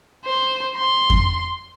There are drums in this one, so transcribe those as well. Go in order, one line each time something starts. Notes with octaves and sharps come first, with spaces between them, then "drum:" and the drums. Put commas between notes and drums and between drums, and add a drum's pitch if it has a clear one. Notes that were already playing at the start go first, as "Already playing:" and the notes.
C5
C6
drum: kick F2